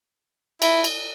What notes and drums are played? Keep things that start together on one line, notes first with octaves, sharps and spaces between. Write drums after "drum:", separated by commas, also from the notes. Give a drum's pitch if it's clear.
E4, drum: cymbal
drum: cymbal